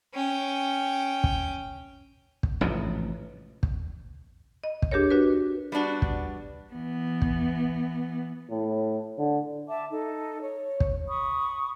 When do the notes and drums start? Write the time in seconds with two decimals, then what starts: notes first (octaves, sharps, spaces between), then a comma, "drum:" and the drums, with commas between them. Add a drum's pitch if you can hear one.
0.13 C#4 G5
1.24 drum: kick
2.43 drum: kick
2.61 A1 G#2 C3 F3
3.63 drum: kick
4.64 D#5
4.82 drum: kick
4.92 D4 G4 G#4 A#4 C#5
5.11 D4 F#4 B4
5.72 G3 B3 D4 F#4
6.02 drum: kick
6.73 E3 B3
7.22 drum: kick
8.50 A2
9.18 D3
9.68 E5 A5 D6
9.90 D#4 A4
10.41 C#5
10.80 drum: kick
11.07 B5 C#6 D#6